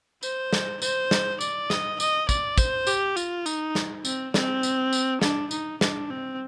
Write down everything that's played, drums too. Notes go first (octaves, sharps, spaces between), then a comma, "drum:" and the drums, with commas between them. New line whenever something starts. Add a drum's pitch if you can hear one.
C5, drum: tambourine
drum: snare
C5, drum: tambourine
drum: snare
D5, drum: tambourine
D#5, drum: snare
D#5, drum: tambourine
D5, drum: kick, tambourine
C5, drum: kick, tambourine
G4, drum: tambourine
F4, drum: tambourine
D#4, drum: tambourine
drum: snare
C4, drum: tambourine
C4, drum: snare
drum: tambourine
drum: tambourine
D4, drum: snare
D#4, drum: tambourine
D4, drum: snare
C4